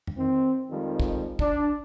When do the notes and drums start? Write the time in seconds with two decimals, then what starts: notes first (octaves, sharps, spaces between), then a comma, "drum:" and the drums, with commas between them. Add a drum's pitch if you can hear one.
0.07 drum: tom F2
0.17 D#3 C4
0.70 F2 D#3 F3 G3 G#3
1.00 drum: kick
1.39 D4, drum: kick